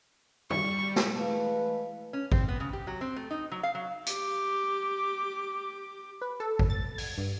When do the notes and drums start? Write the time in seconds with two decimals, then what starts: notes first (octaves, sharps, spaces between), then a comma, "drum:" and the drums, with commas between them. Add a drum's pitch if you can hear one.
0.50 G3 C#6, drum: tom
0.96 drum: snare
1.16 E3 G#3 A3 B4 F5
2.13 C#4
2.32 C4, drum: kick G#1
2.48 B3
2.60 C#3
2.73 G4
2.87 F#3
3.01 C4
3.16 A3
3.31 D#4
3.52 F#3
3.63 F5
3.75 F#3
4.06 G4 D6, drum: hi-hat
6.22 B4
6.40 A4
6.59 drum: kick G#1
6.70 A6
6.98 G#6, drum: open hi-hat
7.18 G2